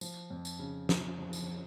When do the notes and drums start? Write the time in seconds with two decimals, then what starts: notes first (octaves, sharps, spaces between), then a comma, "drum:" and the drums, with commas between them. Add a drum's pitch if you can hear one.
0.01 F3, drum: tambourine
0.30 F2
0.45 drum: tambourine
0.59 C#3
0.89 F2, drum: snare
1.19 F3
1.33 drum: tambourine